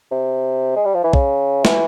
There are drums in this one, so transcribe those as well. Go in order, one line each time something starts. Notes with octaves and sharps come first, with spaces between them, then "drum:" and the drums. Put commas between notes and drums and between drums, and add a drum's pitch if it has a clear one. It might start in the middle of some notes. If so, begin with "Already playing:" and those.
C3
G#3
G3
F3
E3
C#3, drum: kick
E3, drum: snare